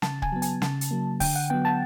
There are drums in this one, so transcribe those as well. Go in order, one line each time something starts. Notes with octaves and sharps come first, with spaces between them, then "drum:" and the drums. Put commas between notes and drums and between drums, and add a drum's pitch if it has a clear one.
C#3 A5, drum: snare
G#5, drum: kick
F#3 B3
G#5, drum: hi-hat
C#3 A5, drum: snare
drum: hi-hat
F#3 A#3
D3 G5, drum: kick, open hi-hat
F#5
F#3 B3 G5
A5